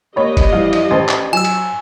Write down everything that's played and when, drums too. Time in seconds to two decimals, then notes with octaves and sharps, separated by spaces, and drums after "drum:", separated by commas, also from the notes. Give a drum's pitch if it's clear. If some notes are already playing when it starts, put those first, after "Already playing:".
0.16 A#3 D4 G4 C#5 D#5 B5
0.37 drum: kick F#1, cymbal
0.52 F2 E3 G3 F5
0.73 drum: cymbal
0.91 A1 C5 A5 C6
1.09 drum: clap
1.33 F#3 G#5 E6
1.45 drum: cymbal